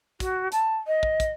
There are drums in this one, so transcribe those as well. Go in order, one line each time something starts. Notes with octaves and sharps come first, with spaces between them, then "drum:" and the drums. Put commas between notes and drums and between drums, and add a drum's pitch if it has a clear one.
F#4, drum: kick, hi-hat
A5, drum: hi-hat
D#5
drum: kick
drum: kick, hi-hat